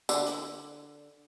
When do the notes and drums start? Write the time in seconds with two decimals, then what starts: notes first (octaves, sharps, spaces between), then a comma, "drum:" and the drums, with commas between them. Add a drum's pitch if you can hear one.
0.09 D3, drum: tambourine
0.26 drum: hi-hat